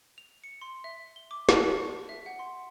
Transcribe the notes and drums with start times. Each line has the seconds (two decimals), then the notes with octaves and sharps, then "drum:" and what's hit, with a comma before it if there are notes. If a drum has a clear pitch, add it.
0.18 F7
0.44 C#7
0.61 C6
0.84 E5
1.16 G7
1.31 D6
1.49 A5, drum: snare
1.63 C#7
1.77 C#6
2.09 E5
2.26 F#5
2.39 C6